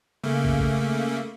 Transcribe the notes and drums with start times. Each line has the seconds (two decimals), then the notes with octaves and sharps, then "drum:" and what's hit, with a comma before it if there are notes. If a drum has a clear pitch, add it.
0.24 C#3 A3 A#3
0.45 drum: kick
0.59 drum: kick